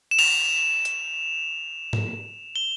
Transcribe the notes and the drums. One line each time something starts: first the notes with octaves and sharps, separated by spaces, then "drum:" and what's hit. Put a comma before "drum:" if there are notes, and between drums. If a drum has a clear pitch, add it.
E7
F7, drum: cymbal
drum: hi-hat
drum: tom
G7